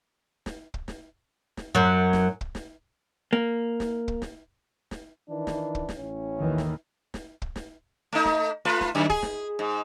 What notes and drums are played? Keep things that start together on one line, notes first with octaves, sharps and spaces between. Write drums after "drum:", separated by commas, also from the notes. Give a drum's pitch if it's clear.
drum: snare
drum: kick
drum: snare
drum: snare
F#2 F#3
drum: snare
drum: kick
drum: snare
A#3
drum: snare
drum: kick
drum: snare
drum: snare
D#3 E3 D4
drum: snare
drum: kick
drum: snare
A1 A2 C#4
D#2 D#3 E3
drum: snare
drum: snare
drum: kick
drum: snare
A3 D#4
drum: snare
A3 F4 B4
drum: snare
F#2 D#3
G#4, drum: kick
drum: snare
G#2